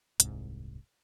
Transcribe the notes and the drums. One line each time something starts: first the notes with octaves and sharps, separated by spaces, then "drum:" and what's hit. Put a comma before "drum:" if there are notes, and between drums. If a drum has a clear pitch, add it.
D#1 C2 G#2, drum: hi-hat